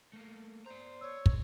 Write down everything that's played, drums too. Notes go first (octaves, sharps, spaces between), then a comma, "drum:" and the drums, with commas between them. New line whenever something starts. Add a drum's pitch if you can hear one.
A3 A#3
C5 D5 A#5
C#5 E6
drum: kick